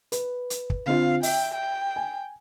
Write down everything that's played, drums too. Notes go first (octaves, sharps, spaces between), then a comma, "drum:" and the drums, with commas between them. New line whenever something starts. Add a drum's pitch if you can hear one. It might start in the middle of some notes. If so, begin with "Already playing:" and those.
B4, drum: hi-hat
drum: hi-hat
drum: kick
D3 C4 F4 F5
E5 G5, drum: open hi-hat
G5
G#5